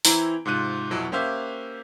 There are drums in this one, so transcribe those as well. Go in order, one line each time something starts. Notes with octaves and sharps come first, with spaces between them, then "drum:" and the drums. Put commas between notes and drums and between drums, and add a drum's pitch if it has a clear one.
E3 C4 E4 A#5 D7, drum: open hi-hat
G#2 C3 F4 F#6 D#7
F2 B2 F#3 E4
A#3 C#4 G4 C5 E5 F5